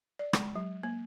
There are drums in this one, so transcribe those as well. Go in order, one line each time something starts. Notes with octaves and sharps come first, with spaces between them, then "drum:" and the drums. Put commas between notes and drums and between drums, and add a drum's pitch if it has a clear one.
D5
G#3, drum: rim click
F#3
A#3